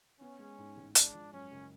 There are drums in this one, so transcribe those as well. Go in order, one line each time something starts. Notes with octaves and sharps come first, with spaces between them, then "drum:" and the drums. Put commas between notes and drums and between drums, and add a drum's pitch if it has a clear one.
B3 C#4
G#3
G#2
A1
G#3 D4, drum: hi-hat
F3
F#2 C#4
F#1